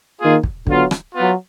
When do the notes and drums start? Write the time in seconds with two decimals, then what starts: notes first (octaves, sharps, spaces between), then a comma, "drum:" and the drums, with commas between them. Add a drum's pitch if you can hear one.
0.20 D#3 A#3 F4 G#4
0.43 drum: kick
0.67 D3 F#3 B3 F4, drum: kick
0.91 drum: rim click
1.15 F#3 B3 F4